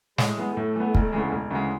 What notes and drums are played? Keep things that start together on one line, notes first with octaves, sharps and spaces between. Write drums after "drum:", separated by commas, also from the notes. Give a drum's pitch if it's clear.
A2 G#3, drum: snare
E3 B3
A2 A3
E3 B3
E1, drum: kick
D2 C#3 E3 G#3
E1
D2 C#3 E3 G#3